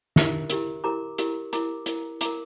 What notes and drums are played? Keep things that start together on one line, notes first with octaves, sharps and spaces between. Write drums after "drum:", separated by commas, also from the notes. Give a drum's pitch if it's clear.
E4 G4 A#4 E5, drum: snare
E4 G4 A#4, drum: hi-hat
E4 G4 A#4 A#5 D6
E4 G4 A#4, drum: hi-hat
E4 A#4 A#5 D6, drum: hi-hat
E4 A#4, drum: hi-hat
E4 A#4 A#5 D6, drum: hi-hat